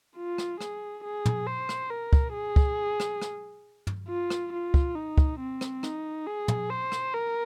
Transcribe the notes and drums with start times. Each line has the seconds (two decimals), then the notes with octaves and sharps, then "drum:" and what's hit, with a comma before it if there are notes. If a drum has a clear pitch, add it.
0.17 F4
0.38 drum: rim click
0.61 G#4, drum: rim click
1.04 G#4
1.25 drum: tom
1.47 C5
1.69 drum: rim click
1.91 A#4
2.13 drum: kick
2.34 G#4
2.56 drum: kick
3.00 drum: rim click
3.22 drum: rim click
3.87 drum: tom
4.09 F4
4.30 drum: rim click
4.53 F4
4.74 drum: kick
4.96 D#4
5.18 drum: kick
5.40 C4
5.61 drum: rim click
5.83 D#4, drum: rim click
6.27 G#4
6.48 drum: tom
6.70 C5
6.92 drum: rim click
7.14 A#4